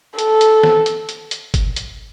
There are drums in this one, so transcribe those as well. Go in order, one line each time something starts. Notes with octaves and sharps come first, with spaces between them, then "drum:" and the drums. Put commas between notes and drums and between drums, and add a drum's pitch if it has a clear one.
A4, drum: hi-hat
drum: hi-hat
drum: snare
drum: hi-hat
drum: hi-hat
drum: hi-hat
drum: kick G1, hi-hat
drum: hi-hat